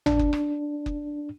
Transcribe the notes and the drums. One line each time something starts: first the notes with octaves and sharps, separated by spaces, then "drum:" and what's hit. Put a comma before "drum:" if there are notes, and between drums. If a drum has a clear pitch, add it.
D4, drum: tom G#1
drum: kick F#1
drum: rim click
drum: kick F#1